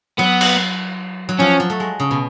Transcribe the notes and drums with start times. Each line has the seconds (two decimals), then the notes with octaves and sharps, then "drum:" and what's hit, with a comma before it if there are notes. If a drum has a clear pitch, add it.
0.19 F#3 B3
0.41 drum: cymbal
1.29 F#3
1.39 F3 C#4
1.60 F#3
1.70 A3
1.80 G#3
2.00 C#3
2.11 B2